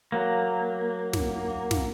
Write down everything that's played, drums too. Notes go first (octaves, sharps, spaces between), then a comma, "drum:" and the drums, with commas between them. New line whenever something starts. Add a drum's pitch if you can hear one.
F#3 A#3
drum: snare
drum: snare